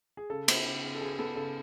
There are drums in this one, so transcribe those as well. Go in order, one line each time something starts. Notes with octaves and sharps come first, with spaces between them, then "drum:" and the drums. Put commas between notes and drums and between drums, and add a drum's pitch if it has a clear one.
G#4
C#3 A4
B3, drum: cymbal
C#3
C#3
A4
C#3 G#4
B3 A4
C#3 A4